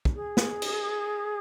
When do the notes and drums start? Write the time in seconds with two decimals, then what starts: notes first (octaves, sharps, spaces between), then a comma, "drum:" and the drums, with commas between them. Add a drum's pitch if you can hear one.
0.05 drum: kick
0.15 G#4
0.37 drum: snare
0.62 drum: cymbal